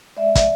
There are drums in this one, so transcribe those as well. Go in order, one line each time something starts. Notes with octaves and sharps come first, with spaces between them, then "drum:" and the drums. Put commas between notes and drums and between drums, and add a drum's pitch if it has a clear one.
G#3 D5 E5
drum: kick, hi-hat